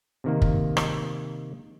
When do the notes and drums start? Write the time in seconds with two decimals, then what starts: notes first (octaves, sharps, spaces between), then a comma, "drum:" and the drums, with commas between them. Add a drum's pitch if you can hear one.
0.24 C3 D#3 A#3
0.42 drum: kick
0.77 drum: rim click